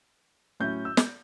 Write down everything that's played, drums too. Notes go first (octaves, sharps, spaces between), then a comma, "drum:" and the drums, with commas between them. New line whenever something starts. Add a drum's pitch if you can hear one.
A2 F#3 C#4 E4 G6
E6
drum: snare